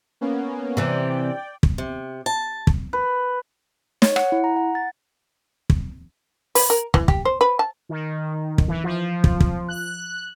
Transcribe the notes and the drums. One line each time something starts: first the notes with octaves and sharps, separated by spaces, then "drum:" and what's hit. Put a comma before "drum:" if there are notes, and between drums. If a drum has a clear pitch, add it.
A#3 B3 C#4
C3 E3 D5 G5
drum: kick
C3
A5
drum: kick
B4
C#5, drum: snare
F#5, drum: rim click
E4
A#5
F#5
A6
drum: kick
B4, drum: open hi-hat
A#4
E3, drum: kick
G4, drum: kick
C5
B4
A5
D#3
drum: kick
E3
F3
drum: kick
drum: kick
F#6